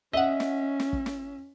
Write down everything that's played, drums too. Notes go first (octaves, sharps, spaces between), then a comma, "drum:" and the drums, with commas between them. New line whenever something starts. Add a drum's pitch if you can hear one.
C#4 D#5 E5 F#5
drum: snare
drum: snare
drum: kick
drum: snare